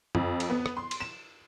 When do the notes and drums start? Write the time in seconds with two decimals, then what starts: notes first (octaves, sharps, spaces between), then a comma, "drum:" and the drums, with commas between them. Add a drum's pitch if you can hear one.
0.15 F2, drum: tom F#2
0.40 drum: cymbal
0.50 B3
0.66 drum: rim click
0.77 C6
0.91 drum: cymbal
1.00 E7